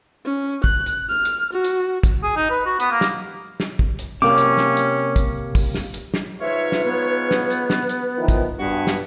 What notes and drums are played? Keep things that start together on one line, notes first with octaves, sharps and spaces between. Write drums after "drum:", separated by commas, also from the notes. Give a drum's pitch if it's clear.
C#4
F#6, drum: kick
drum: hi-hat
F6
drum: hi-hat
F#4
drum: hi-hat
drum: kick, hi-hat
G#4
D#4
B4
F#4
B3, drum: hi-hat
A#3
drum: snare
drum: snare
drum: kick
drum: hi-hat
C3 A#3 C#4 D6
drum: hi-hat
drum: snare
drum: hi-hat
drum: kick, hi-hat
drum: kick, open hi-hat
drum: snare
drum: hi-hat
drum: snare
G#2 F4 B4 C#5 E5
drum: snare
B3
drum: snare
drum: hi-hat
drum: snare
drum: hi-hat
D#3 F3 E4
drum: kick, hi-hat
G2 B3 F#4 G#4
drum: snare